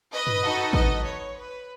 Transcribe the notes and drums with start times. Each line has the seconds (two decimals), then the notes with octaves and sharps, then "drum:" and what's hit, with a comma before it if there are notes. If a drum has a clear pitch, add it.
0.12 B4 D#5
0.27 drum: tom
0.43 D#4 F#4 A4
0.73 B4 D#5, drum: kick
1.04 C#5
1.36 B4